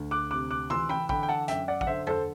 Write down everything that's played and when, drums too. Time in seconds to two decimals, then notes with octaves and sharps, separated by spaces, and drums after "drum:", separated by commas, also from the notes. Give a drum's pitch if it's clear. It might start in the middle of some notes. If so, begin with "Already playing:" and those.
Already playing: D2
0.11 D6 F#6
0.31 C3 D6 F#6
0.51 D6 F#6
0.70 E3 C6 E6, drum: tom
0.89 G5 B5, drum: tom
1.09 D3 G5 B5, drum: kick
1.23 G5
1.29 F#5 A5
1.48 F#2 E5 G5, drum: hi-hat
1.68 D5 F#5
1.81 F#5, drum: kick
1.87 D3 C5 E5
2.07 A4 C5, drum: tom E2